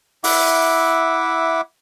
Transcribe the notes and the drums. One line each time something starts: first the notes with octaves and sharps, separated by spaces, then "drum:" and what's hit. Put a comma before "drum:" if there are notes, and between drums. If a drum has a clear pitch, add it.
E4 E5 F#5 D6, drum: open hi-hat